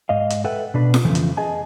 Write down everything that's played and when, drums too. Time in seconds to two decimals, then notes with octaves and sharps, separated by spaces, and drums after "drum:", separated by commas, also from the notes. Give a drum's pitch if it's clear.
0.09 G#2 D#5 F5
0.30 drum: hi-hat
0.44 A4 B4 E5 F#5 G5
0.74 B2 D4 B4
0.94 drum: snare F4
1.05 F2 C#3 E3 F3 A3
1.15 drum: hi-hat
1.37 G#4 D#5 G#5 A5